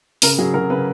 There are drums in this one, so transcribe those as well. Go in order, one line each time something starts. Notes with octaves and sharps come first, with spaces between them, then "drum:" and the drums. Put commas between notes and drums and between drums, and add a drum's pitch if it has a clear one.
C#3 A#4, drum: open hi-hat
F#3 G#4
F#3 A#4
C#3 B4